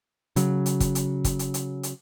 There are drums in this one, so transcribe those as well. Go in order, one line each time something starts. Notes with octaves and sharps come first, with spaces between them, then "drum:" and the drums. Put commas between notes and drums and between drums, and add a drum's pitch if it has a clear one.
C#3 F#3, drum: hi-hat
drum: hi-hat
drum: kick, hi-hat
drum: hi-hat
drum: kick, hi-hat
drum: hi-hat
drum: hi-hat
drum: hi-hat